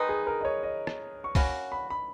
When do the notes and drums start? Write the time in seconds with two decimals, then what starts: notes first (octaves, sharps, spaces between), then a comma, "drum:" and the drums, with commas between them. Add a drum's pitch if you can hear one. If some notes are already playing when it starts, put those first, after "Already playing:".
Already playing: D#3 G#3 D#4 B4
0.09 G#4
0.27 A#4
0.41 D#5
0.45 C#5
0.63 D#5
0.87 drum: rim click
1.24 C#6
1.35 A#3 C#4 F#4 B5, drum: kick C2, open hi-hat
1.72 B5
1.90 B5